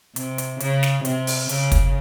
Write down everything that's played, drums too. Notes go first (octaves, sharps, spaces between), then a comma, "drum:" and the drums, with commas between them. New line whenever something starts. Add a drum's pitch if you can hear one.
C3, drum: hi-hat
drum: hi-hat
C#3, drum: hi-hat
drum: snare
C3, drum: hi-hat
drum: open hi-hat
C#3, drum: hi-hat
drum: kick, hi-hat